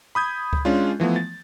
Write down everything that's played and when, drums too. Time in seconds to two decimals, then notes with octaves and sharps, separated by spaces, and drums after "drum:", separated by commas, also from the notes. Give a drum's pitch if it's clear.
0.15 B5 D#6 G6 G#6
0.53 drum: kick C#2
0.65 G#3 C#4 D4 F4
1.00 E3 F3 A3 B3
1.16 A6